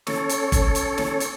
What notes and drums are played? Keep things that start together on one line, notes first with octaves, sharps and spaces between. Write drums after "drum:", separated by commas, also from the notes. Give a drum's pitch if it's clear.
C#4 A4 C#5, drum: snare
drum: hi-hat
drum: kick G1, hi-hat
drum: hi-hat
drum: snare
drum: hi-hat